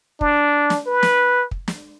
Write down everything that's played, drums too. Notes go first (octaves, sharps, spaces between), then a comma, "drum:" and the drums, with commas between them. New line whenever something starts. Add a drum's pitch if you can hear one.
D4, drum: kick
drum: snare
B4
drum: snare
drum: kick
drum: snare